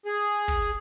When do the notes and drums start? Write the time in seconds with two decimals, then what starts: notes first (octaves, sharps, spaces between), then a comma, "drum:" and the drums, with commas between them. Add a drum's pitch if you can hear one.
0.06 G#4, drum: hi-hat
0.48 drum: kick, hi-hat